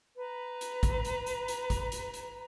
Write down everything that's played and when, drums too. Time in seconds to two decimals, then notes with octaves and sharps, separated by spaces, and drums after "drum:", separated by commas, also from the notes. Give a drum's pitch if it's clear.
0.17 B4 A#5
0.61 drum: hi-hat
0.83 drum: kick, hi-hat
1.05 drum: hi-hat
1.26 drum: hi-hat
1.48 drum: hi-hat
1.70 drum: kick, hi-hat
1.92 drum: hi-hat
2.14 drum: hi-hat